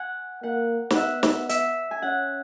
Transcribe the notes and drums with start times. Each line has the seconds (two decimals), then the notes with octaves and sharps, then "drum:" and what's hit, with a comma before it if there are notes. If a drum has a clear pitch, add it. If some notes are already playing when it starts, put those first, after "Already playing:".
Already playing: F#5 G#5
0.43 A#3 F#5
0.90 F#5, drum: snare
0.96 B3 E5
1.23 E5, drum: snare
1.49 E5, drum: hi-hat
1.91 G#5
2.02 C#4 F#5